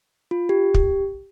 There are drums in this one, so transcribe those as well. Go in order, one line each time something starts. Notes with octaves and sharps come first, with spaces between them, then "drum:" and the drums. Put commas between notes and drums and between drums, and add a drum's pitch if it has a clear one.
F4
G4
drum: kick